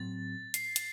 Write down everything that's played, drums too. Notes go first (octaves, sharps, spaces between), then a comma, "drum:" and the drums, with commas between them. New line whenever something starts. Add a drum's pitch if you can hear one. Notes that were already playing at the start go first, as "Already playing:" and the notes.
Already playing: A2 F#3 C4 A6
C7, drum: hi-hat
drum: hi-hat